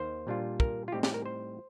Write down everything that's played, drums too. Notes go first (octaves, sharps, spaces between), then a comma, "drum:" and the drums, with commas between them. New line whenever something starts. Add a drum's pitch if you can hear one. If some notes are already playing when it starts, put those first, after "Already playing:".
Already playing: D#2 D#3 A#3 D#4 C5
A#2 G3 D4 F4
A#4, drum: kick
F4
A2 G3 C4 D#4 G4
G4, drum: snare
A#4
C5